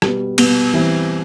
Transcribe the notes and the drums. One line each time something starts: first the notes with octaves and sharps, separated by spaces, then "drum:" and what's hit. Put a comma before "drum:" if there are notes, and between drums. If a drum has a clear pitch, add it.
B2 G3 B3, drum: rim click
B2 G3 B3, drum: cymbal
E3 G3 C4 E4